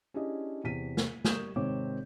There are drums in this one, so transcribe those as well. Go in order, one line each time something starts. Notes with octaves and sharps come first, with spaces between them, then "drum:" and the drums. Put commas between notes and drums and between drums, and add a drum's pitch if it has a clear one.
C#4 D4 E4 G4 G#4 D#5
E2 C3 B6 D#7
drum: snare
G3 A#4 C#6 D#6 G6 E7, drum: snare
G#1 C3 D#3 C4 C#5 D6